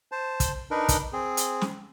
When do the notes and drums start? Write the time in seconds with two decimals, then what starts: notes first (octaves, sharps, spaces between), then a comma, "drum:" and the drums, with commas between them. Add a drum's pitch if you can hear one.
0.12 C5 A5
0.40 drum: kick, hi-hat
0.71 D4 D#4 A#4 B4
0.89 drum: kick, hi-hat
1.13 C4 G#4
1.37 drum: hi-hat
1.61 drum: snare